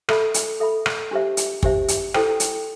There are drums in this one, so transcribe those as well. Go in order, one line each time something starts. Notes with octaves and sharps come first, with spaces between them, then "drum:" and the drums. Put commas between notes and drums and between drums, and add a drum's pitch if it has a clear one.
A4 E5 B5, drum: rim click
drum: hi-hat
A4 E5 B5
drum: rim click
D4 G4 C5 E5
drum: hi-hat
D4 G4 C5 E5, drum: kick
drum: hi-hat
E4 A4 C5 G5, drum: rim click
drum: hi-hat